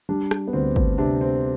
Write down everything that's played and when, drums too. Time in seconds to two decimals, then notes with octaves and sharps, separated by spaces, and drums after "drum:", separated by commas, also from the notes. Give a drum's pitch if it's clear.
0.09 G3 D4
0.31 drum: rim click
0.48 B3
0.53 D2 C4
0.76 drum: kick
0.98 C3 D4
1.21 C4